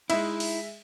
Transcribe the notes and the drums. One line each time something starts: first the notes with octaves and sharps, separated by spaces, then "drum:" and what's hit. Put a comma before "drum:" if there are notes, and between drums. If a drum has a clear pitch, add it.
G#3 D#4 E4 E5, drum: cymbal
drum: open hi-hat